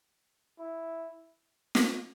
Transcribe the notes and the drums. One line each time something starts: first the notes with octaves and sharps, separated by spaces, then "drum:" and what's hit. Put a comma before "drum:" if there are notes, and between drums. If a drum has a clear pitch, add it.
E4
drum: snare